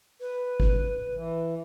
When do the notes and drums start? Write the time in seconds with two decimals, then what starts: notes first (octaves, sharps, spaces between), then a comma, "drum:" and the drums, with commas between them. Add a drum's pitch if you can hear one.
0.20 B4
0.60 drum: kick G#1
1.15 E3